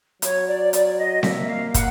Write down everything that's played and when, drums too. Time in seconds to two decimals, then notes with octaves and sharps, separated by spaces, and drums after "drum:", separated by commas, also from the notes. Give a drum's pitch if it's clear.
0.22 F#3 C#5, drum: hi-hat
0.47 D5
0.73 D5, drum: hi-hat
0.98 D#5
1.23 A#3 E5, drum: snare C4
1.48 F5
1.74 F#5, drum: kick, hi-hat